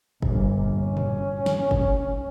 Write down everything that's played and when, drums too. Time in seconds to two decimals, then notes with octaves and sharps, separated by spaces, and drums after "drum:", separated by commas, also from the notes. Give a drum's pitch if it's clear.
0.22 G1 A#2, drum: kick
0.76 C#4
0.97 drum: tom G#2
1.46 drum: snare
1.71 drum: kick